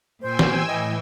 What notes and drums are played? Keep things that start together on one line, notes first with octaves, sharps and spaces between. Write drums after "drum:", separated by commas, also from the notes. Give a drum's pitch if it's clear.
A#2 C5 G5 G#5 E6
drum: snare
A2 E3 D#5